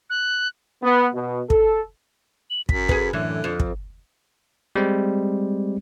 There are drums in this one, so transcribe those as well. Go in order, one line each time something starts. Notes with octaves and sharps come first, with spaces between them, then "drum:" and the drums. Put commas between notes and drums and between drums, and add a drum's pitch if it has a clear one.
F#6
B3
B2
A4, drum: kick
F#7
F#2 B6, drum: kick
G#4 B4, drum: kick
F#2 A2 D3 E3 F#6
F2
drum: kick
G3 G#3 C4